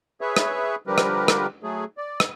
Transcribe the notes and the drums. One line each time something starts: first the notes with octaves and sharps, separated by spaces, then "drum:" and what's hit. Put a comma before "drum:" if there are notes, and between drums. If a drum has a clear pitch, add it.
G#4 B4 C#5 E5
drum: rim click
D3 F3 G3 G4 A#4 B4
drum: rim click
drum: rim click
F#3 A3 G#4
D5
drum: rim click